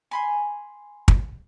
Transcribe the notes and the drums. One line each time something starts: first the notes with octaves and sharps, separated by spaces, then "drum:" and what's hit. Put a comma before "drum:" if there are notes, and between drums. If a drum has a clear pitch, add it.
G#5 B5 C6
drum: kick